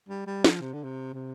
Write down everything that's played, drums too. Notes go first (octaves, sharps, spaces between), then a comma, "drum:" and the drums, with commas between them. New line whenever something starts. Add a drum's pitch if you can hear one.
G3
G3
F3, drum: snare
C3
D3
C3
C3